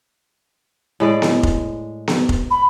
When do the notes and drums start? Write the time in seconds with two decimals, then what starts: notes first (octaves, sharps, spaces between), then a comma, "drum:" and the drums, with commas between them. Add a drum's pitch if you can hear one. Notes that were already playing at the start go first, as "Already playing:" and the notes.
1.00 A2 G#3 D5
1.22 drum: snare B3
1.43 drum: kick F1
2.08 drum: snare B3
2.29 drum: kick F1
2.50 B5